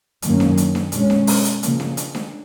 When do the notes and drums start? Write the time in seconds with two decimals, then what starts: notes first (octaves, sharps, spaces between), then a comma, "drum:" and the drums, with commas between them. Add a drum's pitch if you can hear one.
0.22 F#2 D#3 A#3 C#4, drum: hi-hat
0.40 drum: snare D4
0.57 drum: hi-hat
0.75 drum: snare D4
0.92 B2 G#3 C#4, drum: hi-hat
1.10 drum: snare D4
1.27 drum: open hi-hat
1.45 drum: hi-hat
1.63 C#3 F3 A#3, drum: hi-hat
1.80 drum: snare D4
1.97 drum: hi-hat
2.15 drum: snare D4